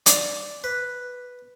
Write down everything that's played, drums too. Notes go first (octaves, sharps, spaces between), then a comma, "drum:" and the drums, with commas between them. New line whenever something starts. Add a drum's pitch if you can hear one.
D5, drum: hi-hat
B4